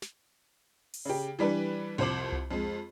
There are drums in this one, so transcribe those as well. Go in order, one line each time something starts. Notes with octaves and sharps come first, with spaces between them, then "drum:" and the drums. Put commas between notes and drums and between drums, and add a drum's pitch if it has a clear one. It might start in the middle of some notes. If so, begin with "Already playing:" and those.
drum: snare
drum: open hi-hat
C#3 G4
E3 G3 D4 B4
C2 F2 C5 D6 F#7
drum: tom C2
F2 G#3